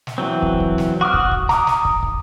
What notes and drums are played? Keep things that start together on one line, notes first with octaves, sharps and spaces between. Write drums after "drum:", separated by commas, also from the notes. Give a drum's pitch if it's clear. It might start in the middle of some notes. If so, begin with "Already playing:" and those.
drum: snare
E3 F#3 C4
drum: kick
drum: kick
drum: snare
F#4 D6 D#6 F6
drum: kick
drum: kick
A#5 D6 D#6, drum: snare
drum: snare
drum: kick
drum: kick